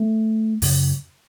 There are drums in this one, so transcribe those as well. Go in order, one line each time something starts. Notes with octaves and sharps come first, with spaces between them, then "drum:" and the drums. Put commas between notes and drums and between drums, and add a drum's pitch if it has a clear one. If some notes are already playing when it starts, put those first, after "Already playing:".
Already playing: A3
F#2 C#3, drum: open hi-hat